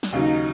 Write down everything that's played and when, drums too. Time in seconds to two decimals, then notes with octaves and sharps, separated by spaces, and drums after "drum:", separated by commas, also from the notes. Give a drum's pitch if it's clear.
0.03 drum: snare
0.12 D#2 C#3 F#3 D#4